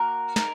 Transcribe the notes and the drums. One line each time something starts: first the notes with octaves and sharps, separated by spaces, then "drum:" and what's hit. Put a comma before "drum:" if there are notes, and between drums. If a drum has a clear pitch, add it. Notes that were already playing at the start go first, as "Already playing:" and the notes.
Already playing: A#3 F#4 A#4
D#4 A#4, drum: snare